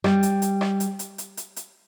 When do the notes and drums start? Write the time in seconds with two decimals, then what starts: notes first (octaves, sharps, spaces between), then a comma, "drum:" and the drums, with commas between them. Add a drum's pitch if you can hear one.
0.04 G3, drum: rim click
0.23 drum: hi-hat
0.42 drum: hi-hat
0.61 drum: rim click
0.80 drum: hi-hat
0.99 drum: hi-hat
1.18 drum: hi-hat
1.37 drum: hi-hat
1.56 drum: hi-hat